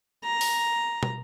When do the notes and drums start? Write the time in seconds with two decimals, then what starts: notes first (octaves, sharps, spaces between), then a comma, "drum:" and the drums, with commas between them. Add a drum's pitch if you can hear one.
0.24 A#5
0.41 drum: open hi-hat
1.03 drum: tom